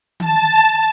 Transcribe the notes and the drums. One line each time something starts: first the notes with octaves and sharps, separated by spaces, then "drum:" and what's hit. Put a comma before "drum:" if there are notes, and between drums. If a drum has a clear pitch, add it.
A5, drum: tom D#3